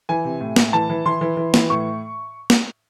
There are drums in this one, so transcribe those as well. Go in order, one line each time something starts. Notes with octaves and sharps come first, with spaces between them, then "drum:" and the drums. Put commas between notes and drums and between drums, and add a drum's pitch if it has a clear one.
E3 G#5
C3
A2
A2, drum: snare
E3 A5
E3
E3 C6
E3
E3
E3, drum: snare
A2 C#6
drum: snare